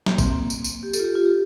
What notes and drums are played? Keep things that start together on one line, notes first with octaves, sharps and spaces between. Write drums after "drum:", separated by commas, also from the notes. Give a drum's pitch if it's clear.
A#3, drum: snare
C4, drum: kick, tambourine
A#3
drum: tambourine
drum: tambourine
G4
A4, drum: tambourine
F4
G4
F4
G4